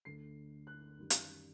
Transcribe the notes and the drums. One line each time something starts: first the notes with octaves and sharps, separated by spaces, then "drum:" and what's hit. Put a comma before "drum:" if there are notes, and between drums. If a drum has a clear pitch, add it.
D2 D3 A3 C7
F#6
F#2 D#3 G3
drum: hi-hat